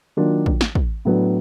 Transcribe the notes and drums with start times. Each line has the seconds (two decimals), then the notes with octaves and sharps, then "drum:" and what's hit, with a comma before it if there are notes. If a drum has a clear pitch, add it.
0.17 D#3 F#3 A#3 D4 F4
0.46 drum: kick
0.61 drum: snare
0.75 drum: kick
1.05 A2 F#3 B3 D4